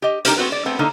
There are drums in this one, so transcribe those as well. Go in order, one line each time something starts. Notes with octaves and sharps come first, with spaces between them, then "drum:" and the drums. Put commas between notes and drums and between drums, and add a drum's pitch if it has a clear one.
G4 D#5
G3 D4 D#4 G4 A#4 C5, drum: hi-hat
B3 C4 F#4 B4
D5
A3 B3 C4
D3 A#3 C#4 D#4